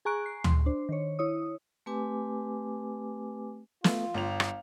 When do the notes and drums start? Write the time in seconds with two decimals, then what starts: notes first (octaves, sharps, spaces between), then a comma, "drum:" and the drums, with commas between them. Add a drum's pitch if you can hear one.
0.05 G#4 G#5 A#5 C#6 F#6 D7
0.26 C7
0.44 C6, drum: tom
0.66 D4 C5
0.89 D#3 C#5
1.19 E4 C#5 D#6
1.86 A3 C4 G4 B4 G#5 D6
3.84 A3 B3 F4, drum: snare
4.14 G1 F5 F7
4.40 drum: rim click